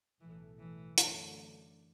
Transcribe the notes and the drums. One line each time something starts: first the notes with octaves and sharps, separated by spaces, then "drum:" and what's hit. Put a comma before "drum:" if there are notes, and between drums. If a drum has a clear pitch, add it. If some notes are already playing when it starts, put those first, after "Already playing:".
B1 A2 E3 A3
E3
F#2 D3 A3, drum: hi-hat